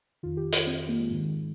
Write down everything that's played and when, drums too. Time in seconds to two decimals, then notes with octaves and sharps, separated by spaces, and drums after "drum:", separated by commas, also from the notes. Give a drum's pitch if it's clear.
0.23 F2 D#3 F4
0.37 G4
0.52 F4, drum: hi-hat
0.67 C4
0.77 C4
0.89 A#3
1.00 G#3
1.10 G#2 D#3